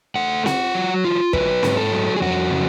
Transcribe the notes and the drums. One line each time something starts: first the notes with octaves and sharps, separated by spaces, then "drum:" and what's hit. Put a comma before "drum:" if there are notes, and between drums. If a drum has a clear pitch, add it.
A3 F#5
F4 F#5, drum: snare C4
F#3
F4
F#3 B4, drum: kick
G#2, drum: snare C4
A4
F#3
G#4
F2 F#4
C#3